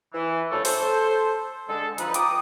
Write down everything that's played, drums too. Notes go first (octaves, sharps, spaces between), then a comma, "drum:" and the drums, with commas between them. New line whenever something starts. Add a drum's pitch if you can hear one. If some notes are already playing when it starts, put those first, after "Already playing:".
E3
F#2 D3 F3 A3 A4 C#5
A4 C5, drum: open hi-hat
D3 G#3 A4
F3 D#4 B4, drum: hi-hat
G5 A#5 D6 D#6, drum: hi-hat